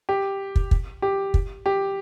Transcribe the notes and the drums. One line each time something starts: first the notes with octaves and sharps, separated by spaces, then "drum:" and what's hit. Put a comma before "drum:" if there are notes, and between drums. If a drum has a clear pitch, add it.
G4
drum: kick
drum: kick
G4
drum: kick
G4